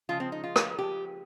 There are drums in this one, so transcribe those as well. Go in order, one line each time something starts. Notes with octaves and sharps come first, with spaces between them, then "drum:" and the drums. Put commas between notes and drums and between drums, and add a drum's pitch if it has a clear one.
C#3 F3 G#3 F4
C4
D#4
F4
drum: rim click
G4